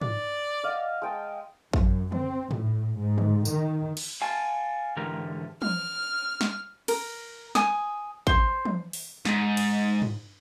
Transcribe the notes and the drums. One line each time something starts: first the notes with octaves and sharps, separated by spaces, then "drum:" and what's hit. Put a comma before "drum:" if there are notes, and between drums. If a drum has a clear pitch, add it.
D5, drum: tom
D#5 F5 F#5
G#3 G5 A5
F#2, drum: kick A1
C4, drum: tom
A2, drum: tom
G#2
drum: tom
D#3, drum: tambourine
drum: cymbal
F5 G#5 A5
G#2 D3 E3 G4 A#4 A#5
F6, drum: tom
drum: snare
A#4, drum: cymbal
G#5 D#6, drum: snare
C5, drum: kick A1
drum: tom
drum: open hi-hat
G#2, drum: snare
drum: cymbal
drum: tom